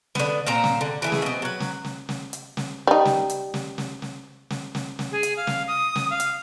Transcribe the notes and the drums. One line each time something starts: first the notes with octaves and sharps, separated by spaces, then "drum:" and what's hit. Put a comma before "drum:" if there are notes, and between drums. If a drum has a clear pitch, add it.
D3 B3, drum: snare
A#2 C4 A#5
drum: snare
D3
E3 A3 G#4
drum: snare
B2 C4
F#3 B4
drum: snare
drum: snare
drum: snare
drum: hi-hat
drum: snare
G3 D#4
drum: snare
drum: hi-hat
drum: snare
drum: snare
drum: snare
drum: snare
drum: snare
drum: snare
G#4
drum: hi-hat
F5
drum: snare
D#6
drum: snare
F5
drum: hi-hat